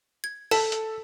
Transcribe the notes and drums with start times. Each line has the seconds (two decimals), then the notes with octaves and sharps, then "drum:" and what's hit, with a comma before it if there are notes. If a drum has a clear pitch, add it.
0.24 G#6
0.51 A4 A5 B6, drum: open hi-hat
0.72 drum: hi-hat